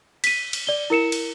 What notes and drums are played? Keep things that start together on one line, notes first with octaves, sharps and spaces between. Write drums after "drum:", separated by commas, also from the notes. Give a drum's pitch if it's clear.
B6 D#7, drum: cymbal
drum: cymbal
D5 G7
E4 A#4 C#7 E7
drum: cymbal